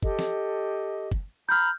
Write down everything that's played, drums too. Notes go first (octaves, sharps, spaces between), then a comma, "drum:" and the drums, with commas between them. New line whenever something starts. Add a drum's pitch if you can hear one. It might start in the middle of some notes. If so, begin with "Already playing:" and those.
G4 A4 D#5, drum: kick
drum: snare
drum: kick
A#5 B5 F6 G6